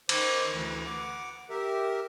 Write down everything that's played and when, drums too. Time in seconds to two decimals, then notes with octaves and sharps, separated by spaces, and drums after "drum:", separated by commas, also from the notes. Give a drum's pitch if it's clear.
0.09 D#3 C5 D6 G6, drum: cymbal
0.51 D2 E3
0.86 F#5 D6
1.50 G4 A#4 E5